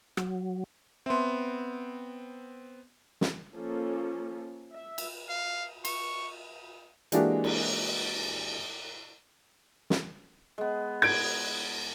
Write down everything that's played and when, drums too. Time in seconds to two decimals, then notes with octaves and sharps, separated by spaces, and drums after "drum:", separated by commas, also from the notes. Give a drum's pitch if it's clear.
0.17 F#3, drum: rim click
1.06 B3 C4 E5 C6
3.21 drum: snare
3.54 F3 A#3 C#4 A4
4.74 E5
4.98 drum: cymbal
5.29 F5
5.85 C#6, drum: cymbal
7.12 E3 G#3 A#3 D4 F#4 G4, drum: hi-hat
7.44 drum: cymbal
9.90 drum: snare
10.58 G#3 B3
11.02 G#6 D7, drum: cymbal